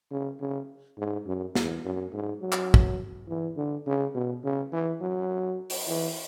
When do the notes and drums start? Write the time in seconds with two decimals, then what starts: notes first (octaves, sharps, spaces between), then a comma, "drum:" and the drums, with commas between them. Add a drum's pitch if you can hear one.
0.11 C#3
0.40 C#3
0.98 G#2
1.26 F#2
1.55 E2, drum: snare
1.84 F#2
2.13 G#2
2.41 F#3
2.52 drum: clap
2.74 drum: kick
3.28 E3
3.56 D3
3.86 C#3
4.15 B2
4.44 C#3
4.72 E3
5.01 F#3
5.70 drum: open hi-hat
5.88 E3